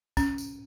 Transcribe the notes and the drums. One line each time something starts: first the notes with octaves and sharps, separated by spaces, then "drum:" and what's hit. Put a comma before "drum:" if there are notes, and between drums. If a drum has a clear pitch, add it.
C#4, drum: kick, tambourine
drum: tambourine